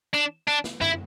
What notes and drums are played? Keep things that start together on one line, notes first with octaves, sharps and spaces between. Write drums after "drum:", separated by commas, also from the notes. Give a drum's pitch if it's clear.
D4
D4
drum: snare
E4, drum: tom F#2